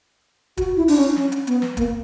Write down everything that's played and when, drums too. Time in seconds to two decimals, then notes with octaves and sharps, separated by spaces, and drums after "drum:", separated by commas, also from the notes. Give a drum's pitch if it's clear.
0.57 F#4, drum: kick, hi-hat
0.77 E4
0.88 D4, drum: open hi-hat
0.97 C#4
1.16 C#4, drum: snare
1.32 drum: hi-hat
1.47 B3, drum: hi-hat
1.62 drum: snare
1.77 A#3, drum: kick, hi-hat